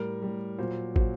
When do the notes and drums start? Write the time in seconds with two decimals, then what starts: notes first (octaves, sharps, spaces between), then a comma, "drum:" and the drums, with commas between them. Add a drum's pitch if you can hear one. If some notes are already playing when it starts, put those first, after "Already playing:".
Already playing: A2 G3 A#4
0.22 A2 G3
0.58 A#2 F#3 C5
0.96 A#2 F#3 C5, drum: kick